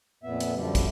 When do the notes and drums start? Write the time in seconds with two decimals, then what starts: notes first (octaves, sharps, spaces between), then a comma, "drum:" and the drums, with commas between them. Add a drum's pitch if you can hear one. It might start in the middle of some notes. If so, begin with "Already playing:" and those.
0.23 F2 A#2 B3 E5
0.40 drum: hi-hat
0.54 F#2 D3 F3 G3
0.75 drum: kick, hi-hat